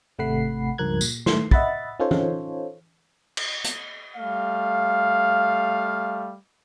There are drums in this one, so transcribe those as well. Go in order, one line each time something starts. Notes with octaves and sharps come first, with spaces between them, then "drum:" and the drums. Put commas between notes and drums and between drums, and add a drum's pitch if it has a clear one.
G#1 C3 A3 F#5 B5 C7
C#2 G2 F3 A#4 F#6 G#6
A#2, drum: tambourine
D#3 A3 C6, drum: snare
D#5 E5 F#5 B5 A6, drum: kick
C#4 D#4 F4 A4 C5 C#5
drum: tom E3
drum: cymbal
drum: hi-hat
G3 A3 F5